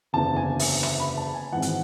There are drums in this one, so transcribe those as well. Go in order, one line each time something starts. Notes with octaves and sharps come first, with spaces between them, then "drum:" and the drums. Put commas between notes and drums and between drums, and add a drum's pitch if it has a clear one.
F#1 E2 D3 A5
G#5
E5, drum: open hi-hat
E5, drum: rim click
B5
A5
G#5
G#1 G#2 E3 F#5
drum: hi-hat